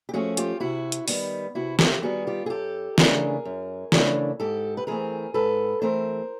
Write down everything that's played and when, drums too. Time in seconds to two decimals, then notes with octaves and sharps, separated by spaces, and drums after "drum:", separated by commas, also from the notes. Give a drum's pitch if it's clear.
0.09 G4
0.13 F3 A3 C#4 F#4 G#4
0.37 F4 G4, drum: hi-hat
0.60 C3 E4 F#4
0.92 drum: hi-hat
1.08 D#3 G3 B3, drum: open hi-hat
1.55 C3 E4 F#4
1.79 F4 G4, drum: snare
2.03 D#3 G3 B3 F#4 G#4
2.27 F4 G4
2.46 G#4
2.50 F#2 G4 A4
2.98 C#3 E3 A3 D4 G#4 A#4, drum: snare
3.45 F#2
3.92 C#3 E3 A3 D4, drum: snare
4.40 G#2 G4 A4
4.77 B4
4.87 E3 A3 C4 G#4 A#4
5.34 G#2 A4 B4
5.82 E3 A3 C4 A#4 C5